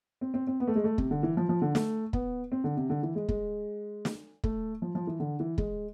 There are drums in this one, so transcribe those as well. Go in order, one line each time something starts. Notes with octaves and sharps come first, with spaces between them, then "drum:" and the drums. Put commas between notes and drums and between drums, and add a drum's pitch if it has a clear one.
C4
C4
C4
B3
A3
G#3
A3
C3, drum: kick
D3
E3
F3
F3
D3
A3, drum: snare
B3, drum: kick
C4
D3
C3
D3
E3
G#3
G#3, drum: kick
drum: snare
A3, drum: kick
F3
F3
E3
D3
E3
G#3, drum: kick